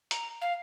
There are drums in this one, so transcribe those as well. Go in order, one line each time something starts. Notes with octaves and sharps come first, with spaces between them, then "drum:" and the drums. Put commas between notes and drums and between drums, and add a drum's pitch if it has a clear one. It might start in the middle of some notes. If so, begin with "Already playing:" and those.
A#5, drum: hi-hat
F5